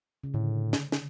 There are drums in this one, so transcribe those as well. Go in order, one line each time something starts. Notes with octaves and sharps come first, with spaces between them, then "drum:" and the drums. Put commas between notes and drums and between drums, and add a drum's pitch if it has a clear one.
C#3
A2 D3
drum: snare
drum: snare